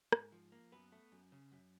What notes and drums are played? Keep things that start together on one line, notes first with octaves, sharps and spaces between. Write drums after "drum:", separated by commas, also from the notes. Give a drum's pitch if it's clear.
G#2, drum: rim click
F3
A#3
F#2 B3 B4
A3
F#2
C#3
F#2